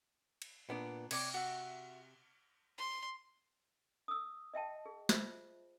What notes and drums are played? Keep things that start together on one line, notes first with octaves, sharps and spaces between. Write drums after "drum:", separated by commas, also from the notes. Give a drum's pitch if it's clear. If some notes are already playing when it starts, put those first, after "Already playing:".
drum: cymbal
A#2 B3 D4
C3 C#5 D5 D6, drum: cymbal
F#4 E5
C6
D#6 E6
D#5 E5 G5 A5
G#4
F4 C5 E5, drum: snare